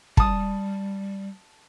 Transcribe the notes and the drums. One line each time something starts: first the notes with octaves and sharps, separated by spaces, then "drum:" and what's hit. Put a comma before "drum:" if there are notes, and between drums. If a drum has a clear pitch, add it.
G3 A5 D#6, drum: kick